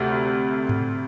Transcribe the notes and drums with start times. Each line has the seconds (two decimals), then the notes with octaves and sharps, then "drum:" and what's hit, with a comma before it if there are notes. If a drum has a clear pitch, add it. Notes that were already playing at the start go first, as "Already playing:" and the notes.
Already playing: D2 C3
0.69 drum: tom G#2